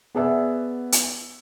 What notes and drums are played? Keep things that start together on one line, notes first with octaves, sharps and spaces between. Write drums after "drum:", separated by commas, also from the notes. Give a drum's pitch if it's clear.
B3 G#4 D5 E5 F#5
drum: hi-hat